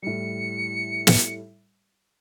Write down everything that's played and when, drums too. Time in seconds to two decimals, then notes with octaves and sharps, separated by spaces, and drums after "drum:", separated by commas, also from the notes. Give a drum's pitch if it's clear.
0.02 A2 G3 C#7
1.07 drum: snare